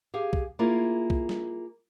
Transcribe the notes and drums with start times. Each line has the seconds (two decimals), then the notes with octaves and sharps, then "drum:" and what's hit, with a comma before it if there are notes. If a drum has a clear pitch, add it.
0.14 G4 G#4 F5
0.33 drum: kick
0.59 A#3 E4 F4 G#4
1.10 drum: kick
1.29 drum: snare